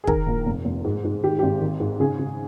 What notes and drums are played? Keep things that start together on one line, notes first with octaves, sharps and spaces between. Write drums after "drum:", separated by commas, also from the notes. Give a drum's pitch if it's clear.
G#4
D#3 A#4, drum: kick
A#1
F1
F1
G#2
G#2
D#3 G4
G#1 G4
D#3
G#2
C#3 G#4
C#3